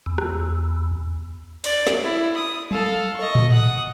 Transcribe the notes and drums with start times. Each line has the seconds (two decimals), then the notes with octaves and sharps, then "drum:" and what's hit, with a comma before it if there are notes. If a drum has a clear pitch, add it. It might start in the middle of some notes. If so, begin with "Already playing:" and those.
0.06 E2
0.18 drum: rim click
1.64 D5, drum: cymbal
1.87 drum: snare
2.03 E4
2.37 D#6
2.71 A4 F5, drum: tom F#3
3.16 D#5 C#6
3.35 drum: tom A2
3.52 F#5 D#6